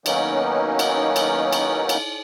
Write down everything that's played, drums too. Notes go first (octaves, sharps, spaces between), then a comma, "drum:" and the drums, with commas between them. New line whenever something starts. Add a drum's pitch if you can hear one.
D#3 F#3 A#3 B3 C#4 D#4, drum: cymbal
drum: cymbal
drum: cymbal
drum: cymbal
drum: cymbal